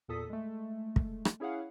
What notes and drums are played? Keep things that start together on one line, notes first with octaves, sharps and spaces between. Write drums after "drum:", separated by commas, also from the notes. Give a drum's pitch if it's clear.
E2 A#2 A4 D#6 B6
G#3 A3
drum: kick
drum: rim click
C#4 E4 G#4 C#5 F5 F#5